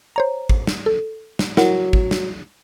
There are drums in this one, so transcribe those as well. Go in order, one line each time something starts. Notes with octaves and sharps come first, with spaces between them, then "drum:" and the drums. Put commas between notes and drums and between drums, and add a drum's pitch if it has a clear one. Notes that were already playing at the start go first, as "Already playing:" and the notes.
C5 C#5 A#5
drum: kick G#1
drum: snare
A4
drum: snare
F#3 E4 A#4 F#5, drum: snare
drum: kick G#1
drum: snare